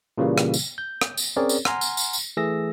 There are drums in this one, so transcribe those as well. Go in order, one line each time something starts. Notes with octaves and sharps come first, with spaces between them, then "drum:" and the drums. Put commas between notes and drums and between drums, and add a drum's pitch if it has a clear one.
A#2 C#3 E3 G3 A#3
drum: rim click
drum: tambourine
G6
drum: rim click
drum: tambourine
C4 C#4 G#4 A#4 C#5 D5
drum: tambourine
F#5 G#5 A#5 C6 F6, drum: rim click
drum: tambourine
drum: tambourine
drum: tambourine
E3 A3 G#4 E6 A#6